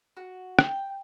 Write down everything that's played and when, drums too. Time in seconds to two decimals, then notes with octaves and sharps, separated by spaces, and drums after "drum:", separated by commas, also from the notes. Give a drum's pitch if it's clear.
0.17 F#4
0.59 G5, drum: rim click